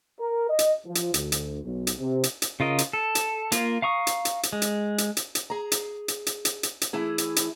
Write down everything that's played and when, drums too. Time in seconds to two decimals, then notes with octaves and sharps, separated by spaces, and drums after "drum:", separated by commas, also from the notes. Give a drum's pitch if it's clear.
0.19 A#4
0.49 D#5
0.59 drum: hi-hat
0.85 F3
0.95 drum: hi-hat
1.14 D2, drum: hi-hat
1.32 drum: hi-hat
1.63 B1
1.87 drum: hi-hat
1.98 C3
2.24 drum: hi-hat
2.42 drum: hi-hat
2.60 C#3 F4 A#4 D#5
2.78 drum: hi-hat
2.93 A4
3.15 drum: hi-hat
3.52 A#3 F4, drum: hi-hat
3.82 F5 A#5 C#6 D#6
4.07 drum: hi-hat
4.25 drum: hi-hat
4.43 drum: hi-hat
4.53 G#3
4.62 drum: hi-hat
4.98 drum: hi-hat
5.17 drum: hi-hat
5.35 drum: hi-hat
5.50 G#4 A#5
5.72 drum: hi-hat
6.08 drum: hi-hat
6.27 drum: hi-hat
6.45 drum: hi-hat
6.63 drum: hi-hat
6.81 drum: hi-hat
6.93 E3 A3 E4 G#4
7.18 drum: hi-hat
7.36 drum: hi-hat